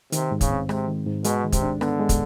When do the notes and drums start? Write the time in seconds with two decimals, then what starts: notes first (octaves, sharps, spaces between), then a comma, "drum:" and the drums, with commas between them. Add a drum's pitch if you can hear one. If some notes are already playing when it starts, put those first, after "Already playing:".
0.12 C3 D#3, drum: hi-hat
0.31 G#2
0.41 C#3, drum: kick, hi-hat
0.50 C4
0.69 C3 G#3, drum: rim click
0.88 D#3
1.06 G#2
1.24 B2 G#3, drum: hi-hat
1.44 D#3
1.52 C3, drum: kick, hi-hat
1.63 D4
1.81 D3 B3, drum: rim click
2.00 G#3
2.09 drum: kick, hi-hat